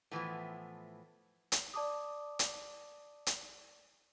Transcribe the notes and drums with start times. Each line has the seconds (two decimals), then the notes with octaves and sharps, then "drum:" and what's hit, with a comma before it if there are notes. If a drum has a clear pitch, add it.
0.11 A2 E3 F3 B3
1.52 drum: hi-hat
1.74 D5 A5 D6 D#6
2.39 drum: hi-hat
3.27 drum: hi-hat